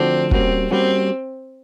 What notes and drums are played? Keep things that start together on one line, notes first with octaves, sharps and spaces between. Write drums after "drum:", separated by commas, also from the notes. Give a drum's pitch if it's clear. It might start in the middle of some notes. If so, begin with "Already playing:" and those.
Already playing: D3 F3 A3 C4 D4 F#4
G3 A#3 C4 C#4 F#4, drum: kick
G3 A#3 C4 C#4 F#4